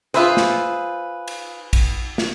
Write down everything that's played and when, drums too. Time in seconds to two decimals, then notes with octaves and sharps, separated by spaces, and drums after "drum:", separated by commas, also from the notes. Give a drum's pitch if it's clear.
0.14 F4 G#4 B4 C5 E5
0.37 drum: snare
1.28 drum: cymbal
1.73 drum: kick A#1, cymbal
2.18 drum: snare